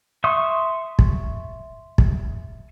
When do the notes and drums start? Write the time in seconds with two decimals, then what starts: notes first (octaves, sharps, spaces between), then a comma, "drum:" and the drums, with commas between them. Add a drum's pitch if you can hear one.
0.24 E5 C6 C#6 D#6
0.99 drum: kick
1.98 drum: kick